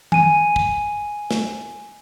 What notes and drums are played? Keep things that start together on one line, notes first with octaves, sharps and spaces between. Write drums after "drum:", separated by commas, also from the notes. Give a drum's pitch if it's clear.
G#5 D#7, drum: tom D#3
drum: kick
drum: snare